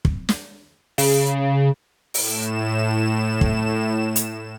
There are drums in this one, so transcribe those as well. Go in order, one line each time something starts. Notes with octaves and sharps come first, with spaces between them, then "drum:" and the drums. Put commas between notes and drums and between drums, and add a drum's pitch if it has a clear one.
drum: kick
drum: snare
C#3, drum: open hi-hat
A2 E7, drum: open hi-hat
drum: kick
drum: hi-hat